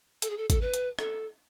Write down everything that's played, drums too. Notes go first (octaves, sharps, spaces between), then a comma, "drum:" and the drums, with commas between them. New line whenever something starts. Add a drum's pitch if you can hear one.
A4, drum: hi-hat
G#4
A4
A4, drum: kick G#1, hi-hat
B4
drum: hi-hat
A4, drum: rim click